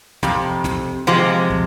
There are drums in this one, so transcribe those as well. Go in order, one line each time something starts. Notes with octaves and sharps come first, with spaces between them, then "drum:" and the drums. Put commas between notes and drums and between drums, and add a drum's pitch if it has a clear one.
F2 C3, drum: snare
drum: snare
C3 F3 G#3
drum: kick